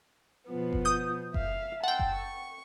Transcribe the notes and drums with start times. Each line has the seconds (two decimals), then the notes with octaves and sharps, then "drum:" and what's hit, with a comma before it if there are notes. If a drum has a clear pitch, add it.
0.48 B2 F3 B3
0.73 drum: kick F#1
0.85 D#6 G6
1.34 E5 F5, drum: kick F#1
1.84 F#5 G5 A5 C6 E6
1.99 drum: kick F#1
2.15 C#6